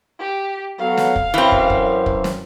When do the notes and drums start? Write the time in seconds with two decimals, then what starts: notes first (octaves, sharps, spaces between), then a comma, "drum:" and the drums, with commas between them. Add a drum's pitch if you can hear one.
0.20 G4
0.79 F#3 B3 A4 F5
0.98 drum: snare
1.16 drum: kick
1.34 F#2 E3 C4
1.52 drum: kick
1.70 drum: kick
2.06 drum: kick
2.24 drum: snare